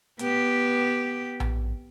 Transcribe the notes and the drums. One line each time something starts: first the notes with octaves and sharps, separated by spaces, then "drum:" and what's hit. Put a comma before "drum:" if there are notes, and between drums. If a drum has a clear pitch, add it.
B3 G4, drum: hi-hat
drum: tom A#1